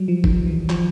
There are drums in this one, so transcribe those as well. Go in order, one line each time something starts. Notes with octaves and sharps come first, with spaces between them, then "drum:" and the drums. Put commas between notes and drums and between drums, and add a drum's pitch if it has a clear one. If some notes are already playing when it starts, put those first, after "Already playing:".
Already playing: F#3 G3
F3
D#3, drum: kick
E3
F3, drum: clap